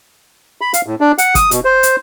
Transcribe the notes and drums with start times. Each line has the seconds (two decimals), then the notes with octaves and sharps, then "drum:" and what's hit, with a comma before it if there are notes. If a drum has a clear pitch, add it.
0.61 B5
0.74 F5, drum: hi-hat
0.86 A2
1.01 D4
1.18 F#5, drum: hi-hat
1.35 D#6, drum: kick, hi-hat
1.51 B2, drum: hi-hat
1.65 C5
1.83 drum: hi-hat